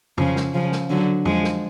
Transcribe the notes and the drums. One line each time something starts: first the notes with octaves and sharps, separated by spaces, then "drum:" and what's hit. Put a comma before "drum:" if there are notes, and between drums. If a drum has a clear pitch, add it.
C#3 F3, drum: tom
drum: snare
C#3 F3
drum: snare
D3 F#3
F3 G#3, drum: tom
drum: snare